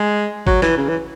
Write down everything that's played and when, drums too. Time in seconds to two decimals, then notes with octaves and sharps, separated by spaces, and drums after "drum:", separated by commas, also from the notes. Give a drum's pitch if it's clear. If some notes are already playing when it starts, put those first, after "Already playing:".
Already playing: G#3
0.47 F#3, drum: kick
0.62 E3, drum: snare
0.78 C#3
0.88 E3